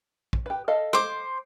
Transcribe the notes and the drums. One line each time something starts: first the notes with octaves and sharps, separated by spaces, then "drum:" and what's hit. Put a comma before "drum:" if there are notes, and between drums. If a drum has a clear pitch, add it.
drum: kick
G4 B4
A4 D#5 F5
C5 D6, drum: rim click